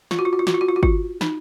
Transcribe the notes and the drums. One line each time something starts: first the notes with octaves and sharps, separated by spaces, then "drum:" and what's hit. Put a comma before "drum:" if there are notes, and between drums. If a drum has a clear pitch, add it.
F4, drum: snare
F#4
F4
F#4
F4
F#4, drum: snare
F4
F#4
F4
F#4
F4, drum: kick G1
D#4, drum: snare